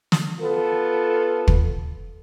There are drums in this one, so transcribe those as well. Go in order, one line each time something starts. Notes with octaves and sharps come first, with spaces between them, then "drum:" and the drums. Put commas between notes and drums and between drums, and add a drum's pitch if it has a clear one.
drum: snare
B3 F4 A4
drum: kick